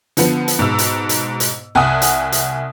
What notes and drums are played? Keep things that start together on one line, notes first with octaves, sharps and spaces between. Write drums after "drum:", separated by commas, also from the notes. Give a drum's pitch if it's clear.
D3 F3 B3, drum: hi-hat
drum: hi-hat
G#2 B2 E6
drum: hi-hat
drum: hi-hat
drum: hi-hat
C2 F#5 G#5 A5 D#6
drum: hi-hat
drum: hi-hat